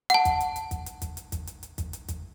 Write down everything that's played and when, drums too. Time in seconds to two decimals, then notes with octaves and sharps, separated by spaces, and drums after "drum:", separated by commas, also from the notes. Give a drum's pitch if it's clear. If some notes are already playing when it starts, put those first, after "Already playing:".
0.10 F#5 A5, drum: hi-hat
0.25 drum: kick, hi-hat
0.40 drum: hi-hat
0.56 drum: hi-hat
0.71 drum: kick, hi-hat
0.86 drum: hi-hat
1.02 drum: kick, hi-hat
1.17 drum: hi-hat
1.32 drum: kick, hi-hat
1.47 drum: hi-hat
1.63 drum: hi-hat
1.78 drum: kick, hi-hat
1.93 drum: hi-hat
2.08 drum: kick, hi-hat